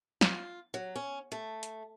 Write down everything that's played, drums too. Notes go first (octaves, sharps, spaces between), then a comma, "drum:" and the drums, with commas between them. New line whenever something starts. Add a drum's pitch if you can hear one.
F4, drum: snare
F#3
C#4
A3
drum: hi-hat